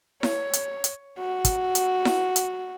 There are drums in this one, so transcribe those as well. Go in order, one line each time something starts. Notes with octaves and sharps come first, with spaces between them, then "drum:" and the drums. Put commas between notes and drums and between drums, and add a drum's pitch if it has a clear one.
C#5, drum: snare E4
drum: hi-hat
drum: hi-hat
F#4
drum: kick, hi-hat
drum: hi-hat
drum: snare E4
drum: hi-hat